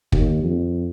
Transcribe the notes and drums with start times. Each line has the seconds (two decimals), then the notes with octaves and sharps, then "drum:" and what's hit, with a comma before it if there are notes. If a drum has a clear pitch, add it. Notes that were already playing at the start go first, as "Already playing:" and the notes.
0.12 D#2, drum: kick
0.43 F2